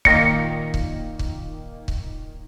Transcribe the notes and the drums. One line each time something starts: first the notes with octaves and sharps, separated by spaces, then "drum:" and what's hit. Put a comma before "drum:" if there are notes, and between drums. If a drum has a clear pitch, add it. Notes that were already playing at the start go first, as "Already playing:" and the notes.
A#2 D#3 A#3 A#6 C#7, drum: kick C#1
drum: kick C#1
drum: kick C#1
drum: kick C#1